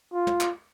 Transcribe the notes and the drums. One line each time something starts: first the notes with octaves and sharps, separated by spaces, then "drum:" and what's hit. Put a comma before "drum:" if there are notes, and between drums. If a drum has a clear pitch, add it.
F4
drum: tom
drum: clap